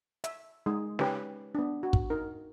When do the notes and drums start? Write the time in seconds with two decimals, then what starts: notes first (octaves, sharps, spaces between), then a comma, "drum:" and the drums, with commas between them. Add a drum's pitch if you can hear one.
0.24 E5, drum: hi-hat
0.66 G#3 D#4 G#4
0.99 C#4 D#4 G4 B4, drum: snare
1.55 B3 D4
1.83 F#4
1.93 drum: kick
2.10 D#4 A#4